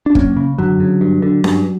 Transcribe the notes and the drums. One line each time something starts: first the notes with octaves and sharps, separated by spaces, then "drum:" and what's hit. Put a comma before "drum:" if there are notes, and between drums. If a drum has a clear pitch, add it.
D4
F#2 A#3 C#4, drum: kick
C#3
F#2 D3 F#3
C#3
G2
D3
G2, drum: snare C#4